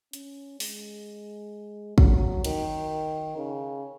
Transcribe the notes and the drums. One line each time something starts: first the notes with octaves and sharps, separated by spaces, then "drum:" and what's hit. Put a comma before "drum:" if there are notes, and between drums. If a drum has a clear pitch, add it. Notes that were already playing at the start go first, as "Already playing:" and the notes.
C#4, drum: hi-hat
G#3, drum: open hi-hat
F#3, drum: kick
D#3, drum: cymbal
C#3